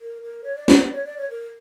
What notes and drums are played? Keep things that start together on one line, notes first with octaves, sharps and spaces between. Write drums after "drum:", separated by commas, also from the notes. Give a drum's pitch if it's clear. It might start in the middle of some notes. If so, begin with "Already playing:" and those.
A#4
A#4
C#5
D5
C#5, drum: snare
D5
C#5
D5
C#5
A#4